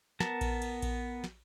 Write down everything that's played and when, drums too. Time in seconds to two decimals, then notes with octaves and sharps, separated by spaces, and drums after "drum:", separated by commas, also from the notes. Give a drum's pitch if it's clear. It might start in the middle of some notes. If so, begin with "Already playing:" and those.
0.20 B3 A#4 A5, drum: snare
0.41 drum: kick A#1, cymbal
0.62 drum: cymbal
0.82 drum: kick A#1, cymbal
1.24 drum: snare